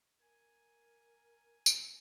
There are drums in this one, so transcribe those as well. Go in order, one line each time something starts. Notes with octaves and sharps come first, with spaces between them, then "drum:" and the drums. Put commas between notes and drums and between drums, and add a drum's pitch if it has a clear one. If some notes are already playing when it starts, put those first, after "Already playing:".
A#4 G#5
drum: tambourine